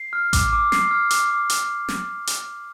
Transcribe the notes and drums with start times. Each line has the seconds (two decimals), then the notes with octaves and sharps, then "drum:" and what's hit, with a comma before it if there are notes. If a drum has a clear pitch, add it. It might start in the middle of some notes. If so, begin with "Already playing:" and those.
Already playing: C7
0.13 F6
0.33 D6, drum: kick A1, hi-hat
0.53 D6
0.72 C7, drum: snare
0.91 F6
1.11 D6, drum: hi-hat
1.30 D6
1.50 drum: hi-hat
1.88 drum: snare
2.27 drum: hi-hat